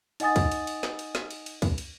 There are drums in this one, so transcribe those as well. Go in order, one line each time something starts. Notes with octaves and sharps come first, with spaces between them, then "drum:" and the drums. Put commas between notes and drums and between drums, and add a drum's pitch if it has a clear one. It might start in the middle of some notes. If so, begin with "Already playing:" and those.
D#4 D#5 F#5 G#5 D#6 A6, drum: cymbal
drum: kick, cymbal
drum: cymbal
drum: cymbal
drum: snare
drum: cymbal
drum: snare
drum: cymbal
drum: cymbal
drum: kick, cymbal
drum: cymbal